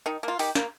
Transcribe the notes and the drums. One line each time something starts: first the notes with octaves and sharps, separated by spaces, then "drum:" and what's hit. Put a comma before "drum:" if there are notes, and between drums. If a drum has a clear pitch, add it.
D#3 D#4
A#3 F4
D#3 G4, drum: open hi-hat
A#3, drum: snare